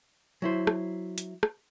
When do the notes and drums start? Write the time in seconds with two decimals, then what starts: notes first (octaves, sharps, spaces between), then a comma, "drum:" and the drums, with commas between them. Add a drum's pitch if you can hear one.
0.42 F#3 E4 C5
0.67 drum: rim click
1.18 drum: hi-hat
1.43 drum: rim click